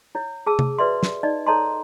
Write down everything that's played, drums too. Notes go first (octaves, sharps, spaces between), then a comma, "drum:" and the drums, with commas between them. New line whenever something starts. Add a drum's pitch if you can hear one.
E4 C#5
G#4 A5 E6
drum: tom C3
F#4 B4 D5 E5 C6
drum: snare
D#4 D5 D#5
A4 C#5 D#5 A5 A#5 C6